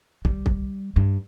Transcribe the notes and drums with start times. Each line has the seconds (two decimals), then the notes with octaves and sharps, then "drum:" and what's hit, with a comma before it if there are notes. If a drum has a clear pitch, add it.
0.25 G3, drum: kick
0.46 drum: kick
0.96 G2